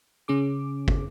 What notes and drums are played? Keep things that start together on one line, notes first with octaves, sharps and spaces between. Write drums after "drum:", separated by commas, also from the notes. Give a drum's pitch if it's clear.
C#3 C#4 G#4 D6
drum: kick